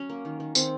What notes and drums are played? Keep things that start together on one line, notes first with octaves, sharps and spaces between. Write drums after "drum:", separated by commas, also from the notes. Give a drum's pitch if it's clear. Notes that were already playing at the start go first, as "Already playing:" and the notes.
Already playing: F#3 C#4
A#3
D#3
D#3
D#3 C4, drum: tambourine